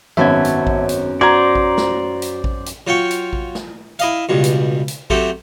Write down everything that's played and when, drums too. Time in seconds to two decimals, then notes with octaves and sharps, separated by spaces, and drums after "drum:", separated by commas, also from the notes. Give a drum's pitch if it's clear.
0.17 G#1 F#2 B3 C#4 E5 A5 G#6
0.45 drum: hi-hat
0.67 drum: kick A1
0.89 drum: hi-hat
1.21 F#4 C5 D5 A#5 G#6
1.55 drum: kick A1
1.78 drum: snare
2.22 drum: hi-hat
2.44 drum: kick A1
2.66 drum: hi-hat
2.87 F#3 F4 G5 C#6
3.11 drum: hi-hat
3.33 drum: kick A1
3.55 drum: snare
3.99 E4 D#5 F5, drum: hi-hat
4.29 C#2 G2 B2
4.44 drum: hi-hat
4.88 drum: hi-hat
5.10 F#3 A3 C4 G4, drum: kick A1